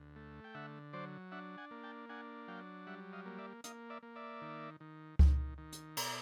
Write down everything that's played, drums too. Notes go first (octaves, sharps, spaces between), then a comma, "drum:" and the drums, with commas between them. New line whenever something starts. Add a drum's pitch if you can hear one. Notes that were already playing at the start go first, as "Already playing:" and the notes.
Already playing: D2
A3
G5
D3 E5 F#5
F#3 C5 D5
D4 E5 F#5
F#5 G#5
A#3
G5 A5
D4 F#5 G#5
F#3 F5 G5
G3 E5 F#5
D#5 F5
A#3
D5 E5
A#3 D#5 F5, drum: hi-hat
D5 E5
A#3
D5 E5
D#3
D#3
D#3, drum: kick C#2
D#3
drum: hi-hat
B2 D5 E5, drum: cymbal